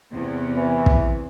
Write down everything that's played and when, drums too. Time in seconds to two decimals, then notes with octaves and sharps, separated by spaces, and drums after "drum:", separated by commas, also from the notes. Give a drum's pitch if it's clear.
0.13 E2 C3
0.57 E3
0.86 drum: kick